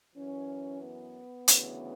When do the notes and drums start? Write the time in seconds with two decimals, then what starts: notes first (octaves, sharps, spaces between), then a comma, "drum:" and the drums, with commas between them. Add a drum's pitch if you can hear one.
0.15 F#2 E3 C#4
0.82 B3
1.48 D2 C#3 E3, drum: hi-hat